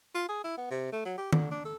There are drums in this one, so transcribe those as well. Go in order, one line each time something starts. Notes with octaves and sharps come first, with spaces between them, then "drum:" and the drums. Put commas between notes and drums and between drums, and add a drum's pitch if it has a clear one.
F4
G#4
E4
B3
C3
A3
F#3
G4
D3, drum: tom D#3
D4
A4